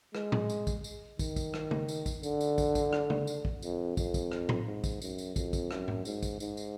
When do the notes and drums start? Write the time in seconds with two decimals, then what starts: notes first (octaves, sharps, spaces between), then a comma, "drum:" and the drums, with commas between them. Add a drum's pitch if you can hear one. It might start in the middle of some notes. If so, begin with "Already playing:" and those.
0.15 G#3, drum: rim click
0.32 drum: tom A2
0.50 drum: tambourine
0.67 drum: kick, tambourine
0.84 drum: tambourine
1.19 D#3, drum: kick, tambourine
1.36 drum: kick, tambourine
1.54 drum: rim click
1.71 drum: tom C#3
1.88 drum: tambourine
2.06 drum: kick, tambourine
2.23 D3, drum: tambourine
2.41 drum: tambourine
2.58 drum: kick, tambourine
2.75 drum: kick, tambourine
2.93 drum: rim click
3.10 drum: tom C#3
3.27 drum: tambourine
3.45 drum: kick
3.62 F2, drum: tambourine
3.97 F2, drum: kick, tambourine
4.14 drum: kick, tambourine
4.32 drum: rim click
4.49 drum: tom A2
4.66 G#2
4.84 drum: kick, tambourine
5.02 F#2, drum: tambourine
5.18 drum: tambourine
5.36 F2, drum: kick, tambourine
5.53 drum: kick, tambourine
5.71 F#2, drum: rim click
5.88 drum: tom G#2
6.05 G#2, drum: tambourine
6.23 drum: kick, tambourine
6.40 G#2, drum: tambourine
6.57 drum: tambourine